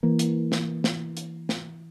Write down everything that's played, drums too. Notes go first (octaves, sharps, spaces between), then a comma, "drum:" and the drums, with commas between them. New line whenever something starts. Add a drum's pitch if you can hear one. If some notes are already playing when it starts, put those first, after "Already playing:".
E3 A#3
drum: hi-hat
drum: snare
drum: snare
drum: hi-hat
drum: snare